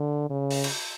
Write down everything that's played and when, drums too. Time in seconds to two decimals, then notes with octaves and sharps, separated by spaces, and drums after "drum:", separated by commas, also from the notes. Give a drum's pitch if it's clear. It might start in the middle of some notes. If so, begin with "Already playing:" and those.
Already playing: D3
0.30 C#3
0.51 drum: open hi-hat
0.64 drum: cymbal